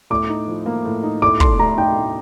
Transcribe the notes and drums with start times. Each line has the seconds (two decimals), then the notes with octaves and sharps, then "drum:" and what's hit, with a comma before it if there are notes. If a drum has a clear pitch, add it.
0.10 A2 D6
0.29 D#4
0.47 F3
0.66 A#3
0.85 A2
1.03 D#4
1.22 A2 D6
1.40 A4 C6, drum: kick
1.59 A3 A#5
1.77 D#4 G5
1.96 A2